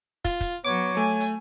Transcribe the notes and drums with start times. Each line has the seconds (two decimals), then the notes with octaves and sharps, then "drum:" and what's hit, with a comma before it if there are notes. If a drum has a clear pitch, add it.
0.25 F4, drum: kick, hi-hat
0.41 drum: kick, hi-hat
0.64 F#3 B3 C#5 D6
0.97 A3 G#5
1.20 drum: hi-hat